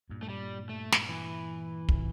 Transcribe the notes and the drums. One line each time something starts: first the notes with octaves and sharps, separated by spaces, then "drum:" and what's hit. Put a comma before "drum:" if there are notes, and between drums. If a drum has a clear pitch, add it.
G2 A#2
A3
G3
A3
drum: snare
E3
A2 C3, drum: kick